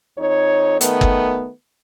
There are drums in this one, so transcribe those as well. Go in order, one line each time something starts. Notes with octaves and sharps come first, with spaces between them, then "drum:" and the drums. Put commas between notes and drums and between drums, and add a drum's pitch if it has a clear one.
F2 D#4 C#5
D#3 A3 B3, drum: hi-hat
drum: kick